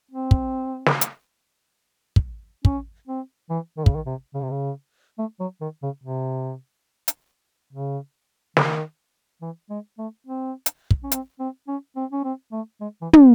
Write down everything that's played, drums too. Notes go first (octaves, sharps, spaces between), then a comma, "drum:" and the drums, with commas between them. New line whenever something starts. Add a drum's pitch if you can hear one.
C4
drum: kick
drum: snare
drum: hi-hat
drum: kick
C#4, drum: kick
C4
E3
D#3
C#3, drum: kick
D#3
C3
C#3
C3
C#3
A3
F#3
D#3
C#3
C3
drum: hi-hat
C#3
D#3, drum: snare
E3
G#3
A3
C4
drum: hi-hat
drum: kick
C#4
C4, drum: hi-hat
C4
C#4
C4
C#4
C4
A3
G#3
E3
drum: tom